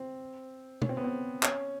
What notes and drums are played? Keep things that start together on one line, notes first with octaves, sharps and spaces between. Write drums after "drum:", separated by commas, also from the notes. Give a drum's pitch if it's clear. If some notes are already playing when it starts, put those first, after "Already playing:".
Already playing: C4
C#4, drum: tom B2
C4
B3
C4
C#4, drum: clap